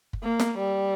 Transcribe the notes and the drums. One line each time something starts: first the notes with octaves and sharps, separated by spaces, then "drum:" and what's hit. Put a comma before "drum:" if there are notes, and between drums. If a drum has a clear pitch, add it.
drum: kick
A#3
drum: snare
G3